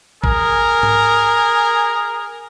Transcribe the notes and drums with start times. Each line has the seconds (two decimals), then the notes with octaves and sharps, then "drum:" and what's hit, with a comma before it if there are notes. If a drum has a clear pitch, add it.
0.24 G#4 A#4, drum: kick
0.83 drum: tom G#2